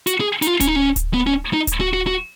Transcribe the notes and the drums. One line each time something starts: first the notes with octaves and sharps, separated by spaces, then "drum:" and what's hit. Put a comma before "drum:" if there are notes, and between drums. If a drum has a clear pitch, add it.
F#4, drum: hi-hat
G#4
D#4, drum: hi-hat
F4
C#4, drum: kick D1, hi-hat
D#4
C#4
drum: kick D1, hi-hat
B3
C#4
D#4
drum: kick D1, hi-hat
F#4
F#4
F#4